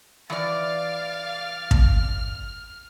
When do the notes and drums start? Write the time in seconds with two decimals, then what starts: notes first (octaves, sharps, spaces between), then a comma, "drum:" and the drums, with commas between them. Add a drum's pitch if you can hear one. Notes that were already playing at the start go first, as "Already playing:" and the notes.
0.30 E3 D5 F5 D6 F6 A6
1.71 drum: kick